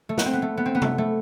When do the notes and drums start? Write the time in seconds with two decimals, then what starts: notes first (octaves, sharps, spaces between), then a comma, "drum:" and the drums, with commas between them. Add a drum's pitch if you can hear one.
0.09 A3
0.18 B3, drum: snare
0.25 C4
0.33 B3
0.42 A3
0.57 B3
0.66 C4
0.75 B3
0.82 A3, drum: tom C3
0.98 A3